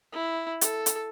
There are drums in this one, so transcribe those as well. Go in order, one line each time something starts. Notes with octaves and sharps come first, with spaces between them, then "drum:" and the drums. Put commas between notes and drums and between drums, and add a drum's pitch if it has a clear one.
E4
A4, drum: hi-hat
drum: hi-hat